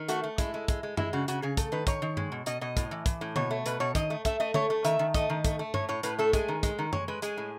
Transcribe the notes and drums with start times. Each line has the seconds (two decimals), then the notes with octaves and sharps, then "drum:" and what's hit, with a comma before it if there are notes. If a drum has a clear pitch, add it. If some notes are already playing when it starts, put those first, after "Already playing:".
Already playing: D#3
0.08 A3 F#4, drum: hi-hat
0.23 A3
0.38 G#3 E4, drum: kick, hi-hat
0.54 G#3
0.68 G#3, drum: kick, hi-hat
0.83 G#3
0.97 G#3 E4, drum: tom F#2
1.13 C#3 F#4
1.28 C#3 F#4, drum: hi-hat
1.42 C#3 G#4
1.57 A3 A4, drum: kick, hi-hat
1.72 D#3 B4
1.87 D#3 C#5, drum: kick, hi-hat
2.02 D#3
2.17 G#3, drum: tom G2
2.32 B2
2.46 B2 D#5, drum: hi-hat
2.61 B2 D#5
2.77 A2, drum: kick, hi-hat
2.91 E3
3.06 E3, drum: kick, hi-hat
3.21 A2
3.36 B2 C#5, drum: tom D3
3.51 A3
3.66 B2 B4, drum: hi-hat
3.80 B2 C#5
3.95 D#3 D#5, drum: kick, hi-hat
4.10 A3
4.25 A3 E5, drum: kick, hi-hat
4.40 A3 D#5
4.54 A3 C#5, drum: tom
4.70 A3
4.85 D#3 E5, drum: hi-hat
4.99 D#3
5.14 A3 D#5, drum: kick, hi-hat
5.30 D#3
5.45 A3, drum: kick, hi-hat
5.59 A3
5.74 A2 C#5, drum: tom G2
5.89 A2 C#5
6.03 A2 B4, drum: hi-hat
6.19 A3 A4
6.33 G#3 G#4, drum: kick, hi-hat
6.48 D#3
6.63 G#3, drum: kick, hi-hat
6.79 D#3
6.93 G#3 C#5, drum: tom F#2
7.08 G#3 B4
7.22 G#3 G#4, drum: hi-hat
7.37 A2